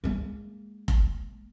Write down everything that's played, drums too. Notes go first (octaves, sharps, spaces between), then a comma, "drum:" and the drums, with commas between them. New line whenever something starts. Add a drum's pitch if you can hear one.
G#3 A#3
drum: kick F1